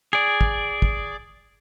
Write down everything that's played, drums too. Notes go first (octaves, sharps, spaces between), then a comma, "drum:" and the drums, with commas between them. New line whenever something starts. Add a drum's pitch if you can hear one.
G#4 D5
drum: kick
drum: kick